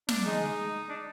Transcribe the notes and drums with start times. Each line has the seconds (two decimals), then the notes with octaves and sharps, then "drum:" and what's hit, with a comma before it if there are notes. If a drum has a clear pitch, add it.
0.08 D4, drum: snare
0.25 G#3 D#4
0.89 D4